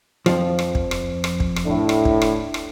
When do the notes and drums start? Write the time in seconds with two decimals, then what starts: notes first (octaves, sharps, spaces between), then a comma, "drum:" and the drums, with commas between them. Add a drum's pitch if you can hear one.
0.26 F2 F3, drum: rim click
0.59 drum: rim click
0.75 drum: kick
0.91 drum: rim click
1.24 drum: rim click
1.40 drum: kick
1.56 drum: rim click
1.66 A2 D4
1.89 drum: rim click
2.05 drum: kick
2.22 drum: rim click
2.54 drum: rim click